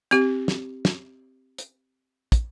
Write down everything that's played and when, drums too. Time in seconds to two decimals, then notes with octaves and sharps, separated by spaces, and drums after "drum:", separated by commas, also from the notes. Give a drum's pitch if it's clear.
0.11 C4 G4, drum: hi-hat
0.48 drum: snare
0.85 drum: snare
1.58 drum: hi-hat
2.32 drum: kick, hi-hat